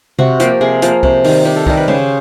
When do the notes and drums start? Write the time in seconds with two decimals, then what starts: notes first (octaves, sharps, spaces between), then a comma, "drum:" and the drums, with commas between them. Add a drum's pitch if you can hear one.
0.19 C3 F#4, drum: tom C3
0.40 F3 A#3 G4, drum: hi-hat
0.61 C3 G#4
0.82 F3 A#3, drum: hi-hat
1.03 C3, drum: kick
1.24 D#3 G3, drum: open hi-hat
1.45 C3 G4
1.56 A4
1.66 D#3 G3 A#4, drum: kick
1.77 B4
1.88 C#3 C5, drum: tom D#3